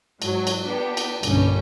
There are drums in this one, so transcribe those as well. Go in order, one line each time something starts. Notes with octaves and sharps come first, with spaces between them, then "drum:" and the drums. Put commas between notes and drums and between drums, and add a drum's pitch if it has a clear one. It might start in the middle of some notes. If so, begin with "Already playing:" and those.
G#2 F#3, drum: cymbal
drum: cymbal
B3 D4 G4
drum: cymbal
B1 G2 D3 G3 A#3 C#4, drum: cymbal